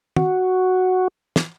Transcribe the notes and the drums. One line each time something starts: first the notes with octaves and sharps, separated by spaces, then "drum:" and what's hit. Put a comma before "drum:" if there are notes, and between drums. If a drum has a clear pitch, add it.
F#4, drum: tom
drum: snare